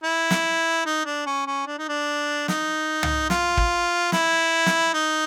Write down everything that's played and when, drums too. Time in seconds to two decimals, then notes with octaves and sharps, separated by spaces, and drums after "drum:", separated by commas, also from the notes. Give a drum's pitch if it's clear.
0.04 E4
0.31 drum: snare
0.86 D#4
1.05 D4
1.26 C#4
1.47 C#4
1.67 D4
1.79 D#4
1.88 D4
2.48 D#4, drum: snare
3.03 drum: tom
3.30 F4, drum: snare
3.57 drum: kick
4.12 E4, drum: snare
4.66 drum: snare
4.94 D#4